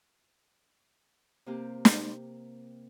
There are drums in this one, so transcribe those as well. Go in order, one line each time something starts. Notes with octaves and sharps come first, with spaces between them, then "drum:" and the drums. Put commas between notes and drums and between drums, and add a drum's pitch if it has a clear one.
C3 A#3 C4 G4
drum: snare